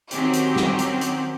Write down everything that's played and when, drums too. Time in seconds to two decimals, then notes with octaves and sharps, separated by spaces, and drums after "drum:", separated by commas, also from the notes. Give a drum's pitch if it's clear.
0.11 D#3 F#3 C4 C#4 G4, drum: hi-hat
0.33 drum: hi-hat
0.56 drum: snare
0.79 drum: hi-hat
1.01 drum: hi-hat